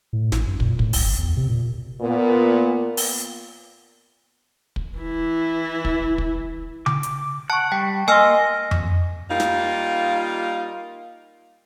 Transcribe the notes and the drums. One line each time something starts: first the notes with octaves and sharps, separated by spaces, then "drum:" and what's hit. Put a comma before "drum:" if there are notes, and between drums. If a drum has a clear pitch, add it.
A2
A1, drum: snare
F#2
A#2, drum: kick
A2, drum: kick
C2, drum: open hi-hat
G1
E2
C3
A#2
A#2 B3
drum: open hi-hat
drum: kick
E3 E4
drum: kick
drum: kick
D6, drum: tom C#3
drum: hi-hat
F#5 A5 C#6
G3 G5
A#3 D#5 G#5 C6 E6 F6
drum: tom F2
G3 A#3 D#4 F4
drum: snare